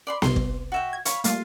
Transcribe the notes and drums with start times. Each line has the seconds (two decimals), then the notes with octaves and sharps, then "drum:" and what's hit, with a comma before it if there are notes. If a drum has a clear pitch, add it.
0.07 D5 B5 C6
0.22 C2 C3 C6, drum: snare B3
0.36 drum: kick
0.72 F#4 E5 G5
0.93 G#6
1.05 C#5 F5 B5, drum: hi-hat
1.24 G3 A3 A#3 F4 F5, drum: hi-hat